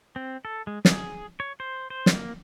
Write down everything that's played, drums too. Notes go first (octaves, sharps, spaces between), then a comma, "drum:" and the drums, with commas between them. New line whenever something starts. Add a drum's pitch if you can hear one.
C4
A4
G#3
G#4, drum: snare
C#5
C5
C5
drum: snare
A#3